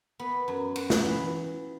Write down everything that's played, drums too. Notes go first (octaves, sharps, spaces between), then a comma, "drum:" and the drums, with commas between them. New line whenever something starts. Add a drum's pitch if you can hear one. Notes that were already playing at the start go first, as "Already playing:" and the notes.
B3
F#2
F#4, drum: cymbal
drum: snare
E3